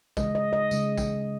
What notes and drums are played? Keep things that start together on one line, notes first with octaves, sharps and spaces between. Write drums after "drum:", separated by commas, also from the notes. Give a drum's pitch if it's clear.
C#3 G#3 D#5, drum: kick, tambourine
D#5
D#5
C#3 G#3, drum: tambourine
drum: kick, tambourine